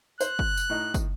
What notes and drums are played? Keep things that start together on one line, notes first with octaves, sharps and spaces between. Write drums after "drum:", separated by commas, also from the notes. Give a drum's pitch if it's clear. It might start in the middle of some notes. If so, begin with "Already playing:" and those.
C5 F#6, drum: tambourine
drum: kick
drum: tambourine
A2 D#4
drum: kick, tambourine